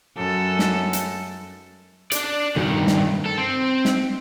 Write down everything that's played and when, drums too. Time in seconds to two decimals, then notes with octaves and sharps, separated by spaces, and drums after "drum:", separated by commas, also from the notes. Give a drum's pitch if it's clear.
0.16 F#2 A4
0.59 drum: snare
0.93 drum: hi-hat
2.12 D4 D5, drum: hi-hat
2.56 G2 D#3, drum: tom B2
2.87 drum: snare
3.26 A4
3.38 C4
3.85 drum: snare